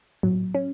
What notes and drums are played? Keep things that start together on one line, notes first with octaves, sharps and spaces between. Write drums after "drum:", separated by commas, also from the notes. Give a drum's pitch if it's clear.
F#3, drum: tom A2
C#4